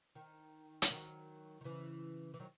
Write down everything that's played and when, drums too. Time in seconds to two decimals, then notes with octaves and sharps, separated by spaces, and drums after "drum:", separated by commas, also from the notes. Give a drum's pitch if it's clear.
0.15 D#3
0.82 E3, drum: hi-hat
0.90 D#3 F#3
1.61 D#3
1.64 C#3 E3
2.34 E3
2.39 D#3 F#3